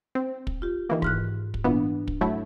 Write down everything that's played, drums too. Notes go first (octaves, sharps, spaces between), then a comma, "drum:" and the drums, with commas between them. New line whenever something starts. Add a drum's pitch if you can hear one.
C4
drum: kick
F4 G4
D#3 E3 A#3
G#2 F6 F#6, drum: kick
drum: kick
A#2 E3 B3 D4
drum: kick
F#3 A3 E4